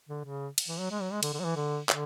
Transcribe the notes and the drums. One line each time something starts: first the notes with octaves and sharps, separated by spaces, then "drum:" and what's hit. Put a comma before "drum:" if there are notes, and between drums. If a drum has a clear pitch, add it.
D3
C#3
drum: cymbal
E3
F#3
G#3
F#3
G#3
D3, drum: cymbal
D3
F#3
E3
D3
D3, drum: clap